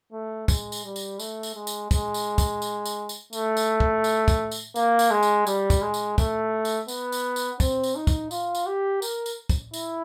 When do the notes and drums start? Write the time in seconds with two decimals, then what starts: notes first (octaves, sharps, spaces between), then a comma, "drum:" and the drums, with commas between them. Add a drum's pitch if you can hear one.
0.13 A3
0.48 G#3, drum: kick, tambourine
0.72 drum: tambourine
0.84 G3
0.96 drum: tambourine
1.19 A3, drum: tambourine
1.43 drum: tambourine
1.55 G#3
1.67 drum: tambourine
1.91 G#3, drum: kick, tambourine
2.14 drum: tambourine
2.38 drum: kick, tambourine
2.62 drum: tambourine
2.85 drum: tambourine
3.09 drum: tambourine
3.33 A3, drum: tambourine
3.57 drum: tambourine
3.80 drum: kick
4.04 drum: tambourine
4.28 drum: kick, tambourine
4.51 drum: tambourine
4.76 A#3, drum: tambourine
4.99 drum: tambourine
5.11 G#3
5.23 drum: tambourine
5.47 G3, drum: tambourine
5.70 drum: kick, tambourine
5.82 G#3
5.94 drum: tambourine
6.18 A3, drum: kick, tambourine
6.65 drum: tambourine
6.88 B3, drum: tambourine
7.12 drum: tambourine
7.36 drum: tambourine
7.60 C4, drum: kick, tambourine
7.83 drum: tambourine
7.95 D#4
8.07 drum: kick, tambourine
8.31 F4, drum: tambourine
8.55 drum: tambourine
8.66 G4
9.02 A#4, drum: tambourine
9.26 drum: tambourine
9.49 drum: kick, tambourine
9.74 E4, drum: tambourine